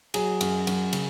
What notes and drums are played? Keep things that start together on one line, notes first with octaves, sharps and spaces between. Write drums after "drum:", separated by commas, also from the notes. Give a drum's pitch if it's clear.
F#3 G#4, drum: cymbal
F#2, drum: cymbal
F#2, drum: cymbal
C#3, drum: cymbal